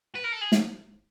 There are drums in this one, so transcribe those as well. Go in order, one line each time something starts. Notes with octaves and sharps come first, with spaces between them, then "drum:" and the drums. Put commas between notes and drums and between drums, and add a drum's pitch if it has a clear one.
B4
A#4
A4
G#4
drum: snare